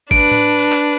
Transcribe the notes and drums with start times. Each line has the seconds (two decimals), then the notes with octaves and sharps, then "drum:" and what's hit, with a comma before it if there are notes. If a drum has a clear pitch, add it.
0.11 D4 B4 D7, drum: kick G1
0.31 drum: tom A2
0.72 drum: clap